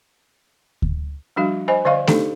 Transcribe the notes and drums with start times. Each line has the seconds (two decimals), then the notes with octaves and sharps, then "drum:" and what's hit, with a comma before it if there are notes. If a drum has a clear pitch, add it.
0.82 drum: kick D2
1.36 F3 G3 D4 F#4 F5
1.68 C5 D#5 G#5 B5
1.85 D3 C5 D5 D#5 F5 C#6
2.07 D4 D#4 G4 A4, drum: snare A3